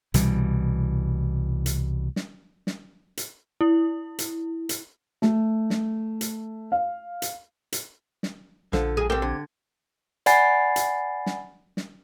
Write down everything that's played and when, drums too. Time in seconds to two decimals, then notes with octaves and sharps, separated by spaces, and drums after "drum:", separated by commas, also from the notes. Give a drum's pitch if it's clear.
0.14 C2 B2 E3 G3, drum: hi-hat
1.66 drum: hi-hat
2.16 drum: snare
2.67 drum: snare
3.17 drum: hi-hat
3.61 E4
4.19 drum: hi-hat
4.69 drum: hi-hat
5.22 A3, drum: snare
5.70 drum: snare
6.21 drum: hi-hat
6.72 F5
7.22 drum: hi-hat
7.72 drum: hi-hat
8.23 drum: snare
8.73 A#1 D3 F3 A4, drum: snare
8.97 F2 G#4
9.10 C3 C4 G4 A4 A#4 G5
9.22 D3 G#6
10.26 D5 F#5 G#5 B5 A6 C7, drum: hi-hat
10.76 drum: hi-hat
11.26 drum: snare
11.77 drum: snare